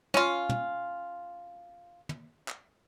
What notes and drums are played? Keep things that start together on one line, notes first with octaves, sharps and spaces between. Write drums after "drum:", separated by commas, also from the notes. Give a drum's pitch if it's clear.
C#4 F4, drum: snare
drum: tom
drum: tom
drum: clap